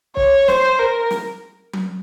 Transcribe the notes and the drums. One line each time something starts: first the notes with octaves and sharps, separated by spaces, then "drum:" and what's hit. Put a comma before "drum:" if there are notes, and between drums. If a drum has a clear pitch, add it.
C#5, drum: kick
C5, drum: snare
A#4
drum: snare
drum: tom F#3